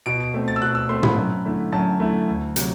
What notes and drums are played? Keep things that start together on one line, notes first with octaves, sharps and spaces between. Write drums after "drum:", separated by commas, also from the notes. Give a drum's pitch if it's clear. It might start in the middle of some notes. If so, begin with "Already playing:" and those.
B2 D7
D7
A3 C4
A6
E6
B2 F#6
E6
A3 C4 C6
B5, drum: tom
F#2
D3 A3 E4
F#2 A5
D3 A3 E4
D2
C3 F#3, drum: hi-hat